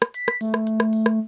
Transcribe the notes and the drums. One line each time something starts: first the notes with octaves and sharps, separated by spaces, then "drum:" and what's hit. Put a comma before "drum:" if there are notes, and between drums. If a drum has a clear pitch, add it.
drum: rim click
B6, drum: hi-hat
drum: rim click
A3, drum: open hi-hat
drum: rim click
drum: hi-hat
drum: rim click
drum: open hi-hat
drum: rim click